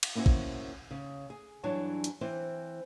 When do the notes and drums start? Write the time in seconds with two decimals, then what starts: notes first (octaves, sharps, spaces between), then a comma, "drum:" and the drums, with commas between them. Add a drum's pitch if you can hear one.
0.03 drum: cymbal
0.15 A#3 C#4 E4 F#4 C5
0.26 drum: kick
0.91 C#3
1.30 G#4
1.63 G2 E3 F#3 D4 C#5 A5
2.04 drum: hi-hat
2.21 E3 C4 C5